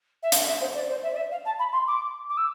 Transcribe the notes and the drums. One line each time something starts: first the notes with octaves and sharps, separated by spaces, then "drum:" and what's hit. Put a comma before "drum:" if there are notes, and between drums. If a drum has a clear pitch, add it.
E5
F5, drum: hi-hat
E5
C5
D5
C5
E5
D5
E5
F5
A5
B5
C6
D6
D6
E6